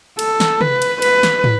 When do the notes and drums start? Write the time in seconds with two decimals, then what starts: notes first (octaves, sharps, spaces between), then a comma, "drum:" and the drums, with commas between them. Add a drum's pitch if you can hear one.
0.19 A4, drum: cymbal
0.40 drum: snare
0.61 B4, drum: tom
0.82 drum: cymbal
1.02 B4, drum: cymbal
1.23 drum: snare
1.44 drum: tom